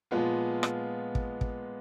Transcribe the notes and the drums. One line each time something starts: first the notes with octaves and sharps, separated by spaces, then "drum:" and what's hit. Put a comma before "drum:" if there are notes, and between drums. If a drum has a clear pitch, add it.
A#2 F3 G#3 B3 F4
drum: rim click
drum: kick
drum: kick